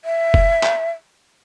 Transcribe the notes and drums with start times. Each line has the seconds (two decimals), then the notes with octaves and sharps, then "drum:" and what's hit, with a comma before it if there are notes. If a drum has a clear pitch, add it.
0.05 E5
0.34 drum: kick F#1
0.63 drum: clap